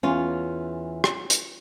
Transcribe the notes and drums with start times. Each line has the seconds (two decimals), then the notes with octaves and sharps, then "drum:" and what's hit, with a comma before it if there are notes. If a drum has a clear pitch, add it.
0.03 E2 E3 C#4 F4
1.04 drum: rim click
1.30 drum: hi-hat